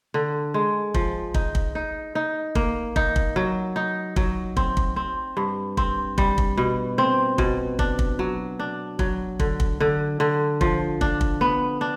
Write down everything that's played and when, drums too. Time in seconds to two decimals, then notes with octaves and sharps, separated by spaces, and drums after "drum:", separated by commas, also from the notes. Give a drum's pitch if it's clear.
0.14 D3
0.54 G#3
0.94 F3, drum: kick
1.34 D#4, drum: kick
1.55 drum: kick
1.75 D#4
2.15 D#4
2.55 A#3, drum: kick
2.96 D#4, drum: kick
3.16 drum: kick
3.36 F#3
3.76 D#4
4.16 F#3, drum: kick
4.57 C4, drum: kick
4.77 drum: kick
4.96 C4
5.37 G2
5.77 C4, drum: kick
6.18 G3, drum: kick
6.38 drum: kick
6.58 B2
6.98 C4
7.38 B2, drum: kick
7.79 D4, drum: kick
7.99 drum: kick
8.19 F#3
8.59 D4
8.99 F#3, drum: kick
9.40 D3, drum: kick
9.60 drum: kick
9.80 D3
10.20 D3
10.61 F3, drum: kick
11.01 D4, drum: kick
11.21 drum: kick
11.41 B3
11.81 D4